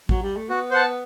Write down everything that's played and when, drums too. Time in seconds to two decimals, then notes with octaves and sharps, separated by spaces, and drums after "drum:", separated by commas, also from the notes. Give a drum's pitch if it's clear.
0.09 F#3, drum: kick A1
0.23 G3
0.37 A3
0.49 B3 F#4
0.71 C5 F#5 A5